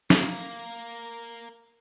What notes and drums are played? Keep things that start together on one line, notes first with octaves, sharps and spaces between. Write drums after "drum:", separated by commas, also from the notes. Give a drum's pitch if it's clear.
A#3, drum: snare